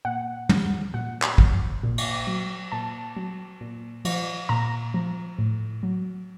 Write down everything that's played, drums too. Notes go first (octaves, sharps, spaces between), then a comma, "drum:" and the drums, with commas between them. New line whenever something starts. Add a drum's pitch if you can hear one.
A#2 F#5
F3, drum: tom
A#2 F#5
drum: clap
F3, drum: kick
A#2
drum: cymbal
F#3
A#2 A5
F#3
A#2
F3, drum: cymbal
A#2 A#5
F3
A2
F#3